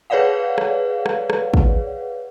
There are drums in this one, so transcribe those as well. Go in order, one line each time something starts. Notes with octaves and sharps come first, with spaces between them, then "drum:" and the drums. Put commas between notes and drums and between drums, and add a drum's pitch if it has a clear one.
G#4 B4 C#5 D5 F5 F#5
drum: rim click
drum: rim click
drum: rim click
drum: kick